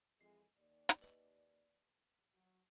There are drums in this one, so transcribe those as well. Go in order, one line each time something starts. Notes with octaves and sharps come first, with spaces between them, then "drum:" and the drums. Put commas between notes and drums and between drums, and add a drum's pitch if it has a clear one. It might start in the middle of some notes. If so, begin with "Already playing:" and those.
F2 E3 G#3 C7
D#2 D5
drum: hi-hat
B4 D#5
F#3